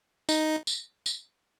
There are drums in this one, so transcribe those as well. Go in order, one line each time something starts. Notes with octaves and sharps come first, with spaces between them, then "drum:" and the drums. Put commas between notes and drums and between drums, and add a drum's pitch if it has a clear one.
D#4, drum: tambourine
drum: tambourine
drum: tambourine